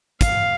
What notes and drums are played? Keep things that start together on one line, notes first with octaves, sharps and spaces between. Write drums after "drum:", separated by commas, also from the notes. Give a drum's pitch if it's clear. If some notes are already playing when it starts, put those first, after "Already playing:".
F5, drum: kick, hi-hat